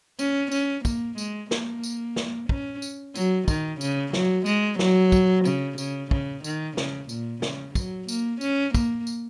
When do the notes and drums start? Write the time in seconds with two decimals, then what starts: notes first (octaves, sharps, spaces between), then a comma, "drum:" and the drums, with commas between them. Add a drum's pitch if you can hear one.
0.19 C#4, drum: tambourine
0.51 C#4, drum: tambourine
0.85 A#3, drum: kick, tambourine
1.18 G#3, drum: tambourine
1.51 A#3, drum: snare
1.83 drum: tambourine
2.16 drum: snare
2.49 C#4, drum: kick
2.82 drum: tambourine
3.15 F#3, drum: tambourine
3.48 D#3, drum: kick, tambourine
3.81 C#3, drum: tambourine
4.13 F#3, drum: snare
4.46 G#3, drum: tambourine
4.79 F#3, drum: snare
5.12 drum: kick, tambourine
5.45 C#3, drum: tambourine
5.78 C#3, drum: tambourine
6.11 C#3, drum: kick
6.44 D#3, drum: tambourine
6.77 C#3, drum: snare
7.09 A#2, drum: tambourine
7.42 C#3, drum: snare
7.75 F#3, drum: kick, tambourine
8.08 A#3, drum: tambourine
8.41 C#4, drum: tambourine
8.75 A#3, drum: kick, tambourine
9.07 drum: tambourine